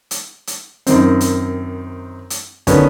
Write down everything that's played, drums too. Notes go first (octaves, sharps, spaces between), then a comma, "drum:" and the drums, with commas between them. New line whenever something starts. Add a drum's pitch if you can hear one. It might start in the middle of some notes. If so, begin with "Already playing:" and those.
drum: hi-hat
drum: hi-hat
F#2 D#3 C4, drum: hi-hat
drum: hi-hat
drum: hi-hat
D3 D#3 B3 C#4 F#4, drum: kick, hi-hat